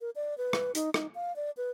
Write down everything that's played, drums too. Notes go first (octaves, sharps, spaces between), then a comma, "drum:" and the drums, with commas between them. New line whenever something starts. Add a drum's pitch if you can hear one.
A#4
D5
B4
drum: rim click
D#4, drum: hi-hat
D#4, drum: rim click
F5
D5
B4